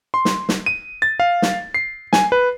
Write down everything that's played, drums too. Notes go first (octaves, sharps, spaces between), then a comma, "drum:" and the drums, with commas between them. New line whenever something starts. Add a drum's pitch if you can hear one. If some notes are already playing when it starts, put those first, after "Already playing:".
C6
drum: snare
drum: snare
D#7
A6
F5
drum: snare
C7
G#5, drum: snare
B4